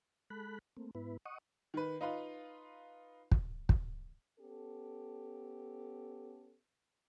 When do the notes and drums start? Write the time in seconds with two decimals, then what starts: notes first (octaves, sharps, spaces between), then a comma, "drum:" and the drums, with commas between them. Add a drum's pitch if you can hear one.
0.30 G#3 A4 B5 F#6
0.77 A3 A#3 C4
0.95 G#2 B3 E4 B4
1.26 D#5 F#5 C#6 D#6
1.74 D#3 B4
2.01 D#4 F4 B4 F5
3.32 drum: kick
3.69 drum: kick
4.39 B3 C#4 G4 A4